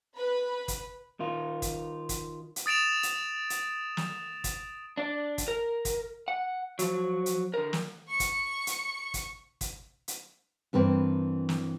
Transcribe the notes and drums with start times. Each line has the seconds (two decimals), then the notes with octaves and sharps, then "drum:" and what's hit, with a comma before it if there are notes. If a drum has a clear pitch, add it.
0.15 B4 B5
0.68 drum: kick, hi-hat
1.20 D#3 F4
1.62 drum: kick, hi-hat
2.09 drum: kick, hi-hat
2.56 drum: hi-hat
2.66 D#6 A6 D7 E7 F7
3.03 drum: hi-hat
3.50 drum: hi-hat
3.97 drum: snare
4.44 drum: kick, hi-hat
4.97 D4 D5
5.38 drum: kick, hi-hat
5.48 A#4
5.85 drum: kick, hi-hat
6.28 F#5
6.79 F3 F#3, drum: hi-hat
7.26 drum: hi-hat
7.54 D3 A#4
7.73 drum: snare
8.08 C#6 C#7
8.20 drum: kick, hi-hat
8.67 drum: hi-hat
9.14 drum: kick, hi-hat
9.61 drum: kick, hi-hat
10.08 drum: hi-hat
10.73 G2 E3 A#3 C4 E4
11.49 drum: snare